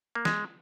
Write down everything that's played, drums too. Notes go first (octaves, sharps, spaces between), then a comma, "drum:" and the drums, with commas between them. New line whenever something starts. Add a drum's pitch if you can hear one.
A#3
G#3, drum: snare